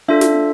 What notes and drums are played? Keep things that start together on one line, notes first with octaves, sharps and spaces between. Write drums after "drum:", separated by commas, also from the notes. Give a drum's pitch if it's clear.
D4 F4 A4 E5
drum: snare